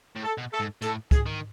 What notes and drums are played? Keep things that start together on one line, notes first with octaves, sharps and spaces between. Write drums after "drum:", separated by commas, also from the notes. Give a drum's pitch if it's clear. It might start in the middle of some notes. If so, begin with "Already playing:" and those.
A2
A4
B2
A4
G#2
A2 A4, drum: hi-hat
G#4, drum: kick, hi-hat
D#3